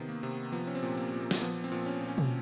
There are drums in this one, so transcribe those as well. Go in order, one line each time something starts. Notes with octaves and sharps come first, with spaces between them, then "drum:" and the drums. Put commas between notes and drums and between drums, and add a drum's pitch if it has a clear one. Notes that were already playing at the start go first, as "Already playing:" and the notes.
Already playing: C3 D#3 B3
A#3
C3
F3 B3
C#4
C4
A#2
A#3
A#2
A#3
drum: snare
F3 B3
C4
A#2
C#4
A#2
C#4
drum: tom B2